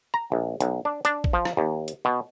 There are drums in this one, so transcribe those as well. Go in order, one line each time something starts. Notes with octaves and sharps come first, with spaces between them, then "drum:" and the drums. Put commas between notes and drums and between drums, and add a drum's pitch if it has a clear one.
A#5
A#1
B1, drum: hi-hat
D4
D4, drum: hi-hat
drum: kick A1
F3
drum: rim click
D#2
drum: hi-hat
B2